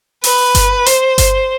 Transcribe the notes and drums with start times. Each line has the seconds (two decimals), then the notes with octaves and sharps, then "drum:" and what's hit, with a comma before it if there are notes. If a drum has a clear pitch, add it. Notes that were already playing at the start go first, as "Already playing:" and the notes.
0.24 B4, drum: open hi-hat
0.55 drum: kick G1, hi-hat
0.86 C5, drum: hi-hat
1.18 drum: kick G1, hi-hat